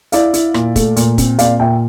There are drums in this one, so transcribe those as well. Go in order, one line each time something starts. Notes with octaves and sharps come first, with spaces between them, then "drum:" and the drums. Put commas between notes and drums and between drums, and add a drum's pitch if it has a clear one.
E4 D5 F5, drum: hi-hat
E4, drum: hi-hat
A#2, drum: rim click
A3, drum: kick, hi-hat
A#2, drum: hi-hat
C4, drum: kick, hi-hat
A#2 D5 F5, drum: hi-hat
A#2 E5 G5